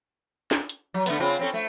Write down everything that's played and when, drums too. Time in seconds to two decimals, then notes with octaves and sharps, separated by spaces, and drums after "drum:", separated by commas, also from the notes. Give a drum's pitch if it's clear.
0.51 drum: snare
0.69 drum: hi-hat
0.94 F#3
1.06 D3 A3 B3, drum: open hi-hat
1.20 C#3 C4 F4
1.39 C4 C#4 A4
1.54 A3